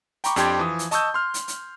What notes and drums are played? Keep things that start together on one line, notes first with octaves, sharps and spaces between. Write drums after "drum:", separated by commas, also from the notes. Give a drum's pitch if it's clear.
G5 A#5 B5 C#6 D6, drum: hi-hat
F2 D4 G4 G5 C6 G#6, drum: hi-hat
E3 F3 D#6
drum: hi-hat
D#5 A5 C#6 D#6 E6 G6, drum: hi-hat
C6 F6
drum: hi-hat
drum: hi-hat